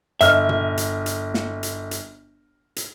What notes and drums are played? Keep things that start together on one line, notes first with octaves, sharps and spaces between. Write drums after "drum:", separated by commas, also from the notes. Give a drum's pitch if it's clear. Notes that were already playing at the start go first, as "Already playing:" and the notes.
G1 D#5 E5 F6, drum: hi-hat
drum: tom A#2
drum: hi-hat
drum: hi-hat
drum: snare
drum: hi-hat
drum: hi-hat
drum: hi-hat